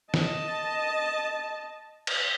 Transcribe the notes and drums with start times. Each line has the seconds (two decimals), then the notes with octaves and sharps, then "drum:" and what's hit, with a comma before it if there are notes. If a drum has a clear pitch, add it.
0.14 D#5 A5, drum: snare
2.07 drum: cymbal